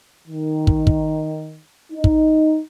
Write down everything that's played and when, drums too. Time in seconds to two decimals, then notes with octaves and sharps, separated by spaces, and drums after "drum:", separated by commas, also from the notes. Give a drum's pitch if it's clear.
0.28 D#3
0.67 drum: kick
0.87 drum: kick
1.92 D#4
2.04 drum: kick